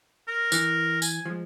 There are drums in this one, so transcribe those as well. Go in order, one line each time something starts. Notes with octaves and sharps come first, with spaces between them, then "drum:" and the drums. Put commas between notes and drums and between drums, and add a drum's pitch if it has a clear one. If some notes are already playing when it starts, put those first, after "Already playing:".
A#4
E3, drum: tambourine
G#5, drum: tambourine
F3 G#3